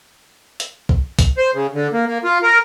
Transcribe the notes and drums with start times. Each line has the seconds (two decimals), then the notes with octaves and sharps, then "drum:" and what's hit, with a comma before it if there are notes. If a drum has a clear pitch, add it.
0.60 drum: hi-hat
0.89 drum: kick B1
1.19 drum: kick B1, hi-hat
1.38 C5
1.54 C#3
1.74 D3
1.93 A#3
2.07 A#3
2.24 F4
2.43 A#4